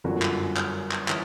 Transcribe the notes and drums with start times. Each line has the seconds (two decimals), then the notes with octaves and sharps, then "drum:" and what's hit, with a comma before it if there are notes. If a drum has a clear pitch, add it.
0.04 G1 F#2 D3 F#3 A#3 F#4
0.22 drum: clap
0.57 drum: clap
0.91 drum: clap
1.08 E3 E4, drum: clap